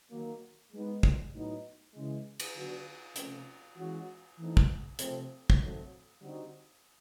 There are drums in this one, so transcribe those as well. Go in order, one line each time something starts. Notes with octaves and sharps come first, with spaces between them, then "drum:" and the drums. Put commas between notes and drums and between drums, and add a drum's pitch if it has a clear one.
D#3 F#3 A#3
G#3 B3 D#4
drum: kick
A2 F#3 B3 D#4
C#3 E3 G#3
drum: cymbal
D3 F#3 B3 D4 F#4
C3 F3 A3 C#4, drum: hi-hat
E3 G#3 C#4 F#4
E3 A3 C4 D#4
drum: kick
C3 F3 A3 C4, drum: hi-hat
drum: kick
D#3 F#3 A3 C4
D3 G3 C4 D#4 F#4